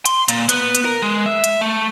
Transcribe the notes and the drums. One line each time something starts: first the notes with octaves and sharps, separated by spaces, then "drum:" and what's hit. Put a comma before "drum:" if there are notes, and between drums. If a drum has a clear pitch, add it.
C6, drum: hi-hat
A#2, drum: hi-hat
B3, drum: hi-hat
drum: hi-hat
A#4
G#3
E5
drum: hi-hat
A3